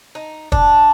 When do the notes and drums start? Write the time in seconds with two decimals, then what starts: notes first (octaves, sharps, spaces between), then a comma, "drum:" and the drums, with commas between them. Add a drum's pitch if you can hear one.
0.15 D#4
0.52 D4, drum: kick